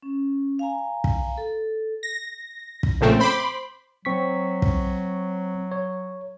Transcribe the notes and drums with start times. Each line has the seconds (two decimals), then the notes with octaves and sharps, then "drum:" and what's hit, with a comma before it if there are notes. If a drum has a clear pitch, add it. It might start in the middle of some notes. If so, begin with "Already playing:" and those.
0.03 C#4
0.59 F5 G#5 A#5
1.04 drum: kick
1.38 A4
2.03 A#6
2.83 drum: kick
3.01 A#2 C#3 F3 A3 C4
3.19 C5 B5 C6 D6
4.05 F#3 C4 C#6 B6
4.62 drum: kick
5.72 C#5